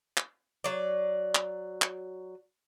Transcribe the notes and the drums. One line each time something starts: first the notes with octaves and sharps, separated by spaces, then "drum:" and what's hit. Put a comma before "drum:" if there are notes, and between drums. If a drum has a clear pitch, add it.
drum: clap
F#3 D5
drum: clap
drum: clap